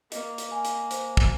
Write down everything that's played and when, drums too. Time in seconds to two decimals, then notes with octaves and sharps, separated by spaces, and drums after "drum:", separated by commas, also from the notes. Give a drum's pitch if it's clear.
0.12 A#3 D#5, drum: hi-hat
0.38 drum: hi-hat
0.52 G#5
0.65 drum: hi-hat
0.91 C5, drum: hi-hat
1.17 drum: kick